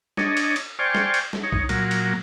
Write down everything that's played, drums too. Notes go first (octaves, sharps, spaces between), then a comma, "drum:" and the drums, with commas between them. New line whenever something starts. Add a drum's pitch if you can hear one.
D4 C#5 D#5, drum: snare
drum: cymbal
drum: cymbal
C5 D5 G5 G#5 C#6 F6
drum: snare
drum: cymbal
drum: snare
D#4 C#5
drum: kick C2
A#2 F#3 A#3, drum: cymbal
drum: cymbal